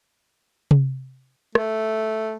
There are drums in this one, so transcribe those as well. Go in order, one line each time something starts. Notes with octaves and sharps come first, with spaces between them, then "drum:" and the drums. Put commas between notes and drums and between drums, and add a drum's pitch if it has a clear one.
drum: tom C3
A3, drum: rim click